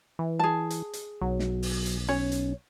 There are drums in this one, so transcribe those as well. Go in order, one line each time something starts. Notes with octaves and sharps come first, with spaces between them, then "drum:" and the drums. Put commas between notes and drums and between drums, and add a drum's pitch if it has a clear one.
E3
G#4 A5
drum: hi-hat
drum: hi-hat
B1 F#3
drum: snare
drum: open hi-hat
drum: hi-hat
C#4 C#5
drum: hi-hat